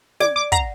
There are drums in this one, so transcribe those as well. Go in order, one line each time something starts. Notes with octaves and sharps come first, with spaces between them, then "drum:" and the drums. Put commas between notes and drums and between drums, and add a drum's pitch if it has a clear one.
D5 D6, drum: snare
D6
F#5 A#5, drum: kick, hi-hat